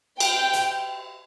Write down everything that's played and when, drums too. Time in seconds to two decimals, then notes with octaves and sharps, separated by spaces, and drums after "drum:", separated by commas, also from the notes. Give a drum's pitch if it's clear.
0.20 G5, drum: cymbal
0.53 drum: hi-hat